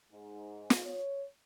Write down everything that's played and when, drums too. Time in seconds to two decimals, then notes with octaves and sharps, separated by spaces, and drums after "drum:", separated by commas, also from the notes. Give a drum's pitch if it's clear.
0.12 G#2
0.70 drum: snare
0.85 C#5